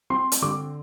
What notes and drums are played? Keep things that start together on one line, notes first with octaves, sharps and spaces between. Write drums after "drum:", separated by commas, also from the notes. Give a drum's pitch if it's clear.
C4 C6
drum: hi-hat
D3 D6